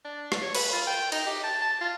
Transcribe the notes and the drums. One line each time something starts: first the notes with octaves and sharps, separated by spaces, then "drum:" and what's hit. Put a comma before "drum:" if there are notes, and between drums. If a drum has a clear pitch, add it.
D4
drum: rim click
C#5
B4, drum: cymbal
F4
G5
D#4, drum: cymbal
G4
A5
A5
F4